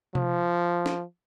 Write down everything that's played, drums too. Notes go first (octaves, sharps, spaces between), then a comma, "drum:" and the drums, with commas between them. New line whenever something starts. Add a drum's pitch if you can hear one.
F3, drum: tom C3
drum: snare